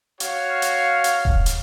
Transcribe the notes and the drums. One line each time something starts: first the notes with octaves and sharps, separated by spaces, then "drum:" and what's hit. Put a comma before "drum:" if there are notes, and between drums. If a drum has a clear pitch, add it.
F#4 C#5 F5, drum: hi-hat
drum: hi-hat
drum: hi-hat
drum: kick D#1
drum: hi-hat